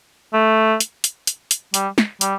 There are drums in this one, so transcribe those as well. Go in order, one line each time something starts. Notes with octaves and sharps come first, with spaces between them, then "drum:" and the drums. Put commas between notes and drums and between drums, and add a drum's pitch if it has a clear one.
A3
drum: hi-hat
drum: hi-hat
drum: hi-hat
drum: hi-hat
G3, drum: hi-hat
drum: snare
G3, drum: hi-hat